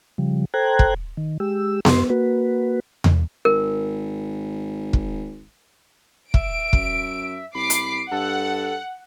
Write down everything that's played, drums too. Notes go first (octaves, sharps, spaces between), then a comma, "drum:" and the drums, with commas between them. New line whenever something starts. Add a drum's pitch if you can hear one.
C#3 F3 G3
A4 C5 G5 A#5 F#6 G#6
drum: kick
D#3
G#3 G4 E6
F#2 C6, drum: snare B3
A#3 F#4 B4
drum: tom E2
G#1 A#4
drum: kick
E5 D7, drum: kick
F#2, drum: kick
C2 B5 D6 C7
drum: hi-hat
G2 A4 F#5